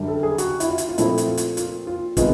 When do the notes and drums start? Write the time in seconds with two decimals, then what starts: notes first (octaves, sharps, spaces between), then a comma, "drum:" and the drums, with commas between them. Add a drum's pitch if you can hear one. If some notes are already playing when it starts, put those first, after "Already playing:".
Already playing: F#2 D3 G3
0.08 A4
0.23 G#4
0.38 F#4, drum: hi-hat
0.60 E4, drum: hi-hat
0.68 F4
0.78 drum: hi-hat
0.89 F4
0.98 A#2 F3 A3 C4 E4, drum: hi-hat
1.18 drum: hi-hat
1.27 F4
1.37 drum: hi-hat
1.57 F4, drum: hi-hat
1.87 F4
2.17 C3 D#3 G#3 B3 F4, drum: kick, hi-hat